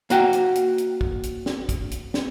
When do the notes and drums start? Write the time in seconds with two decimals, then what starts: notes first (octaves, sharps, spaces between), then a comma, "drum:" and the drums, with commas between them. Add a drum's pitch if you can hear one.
0.10 A#3 F#4 G5, drum: hi-hat
0.33 drum: hi-hat
0.55 drum: hi-hat
0.78 drum: hi-hat
1.01 drum: kick
1.23 drum: hi-hat
1.46 drum: snare
1.69 drum: kick, hi-hat
1.91 drum: hi-hat
2.14 drum: snare